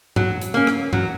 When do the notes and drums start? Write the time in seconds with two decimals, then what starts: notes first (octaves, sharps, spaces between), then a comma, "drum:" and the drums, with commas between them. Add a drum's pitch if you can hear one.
0.16 F#3, drum: tom G2
0.41 drum: hi-hat
0.54 A#3 C#4
0.67 drum: rim click
0.93 F#3, drum: tom G2